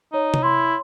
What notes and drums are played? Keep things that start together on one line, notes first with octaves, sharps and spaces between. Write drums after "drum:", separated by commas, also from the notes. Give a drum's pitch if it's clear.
D#4 C#5
drum: tom C3
E4 C6